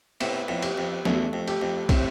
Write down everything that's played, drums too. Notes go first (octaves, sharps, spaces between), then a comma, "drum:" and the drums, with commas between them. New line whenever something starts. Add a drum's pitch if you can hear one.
A2 C3 B3, drum: cymbal
F2 A2
G4, drum: cymbal
F2
E2 A3, drum: snare
F2
G4, drum: cymbal
F2
A2 C4, drum: kick, cymbal